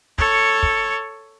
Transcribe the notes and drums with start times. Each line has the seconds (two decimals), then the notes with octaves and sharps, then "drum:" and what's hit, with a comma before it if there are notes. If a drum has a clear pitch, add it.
0.18 A4 C#5, drum: kick
0.63 drum: kick